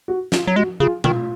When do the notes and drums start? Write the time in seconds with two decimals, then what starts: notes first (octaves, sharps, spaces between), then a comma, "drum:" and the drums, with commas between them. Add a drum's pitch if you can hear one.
0.08 F#4
0.32 F4, drum: snare
0.47 F#3
0.56 G#3 F#4
0.80 C#3 F4 G#4
1.04 D#3 F4, drum: tom B2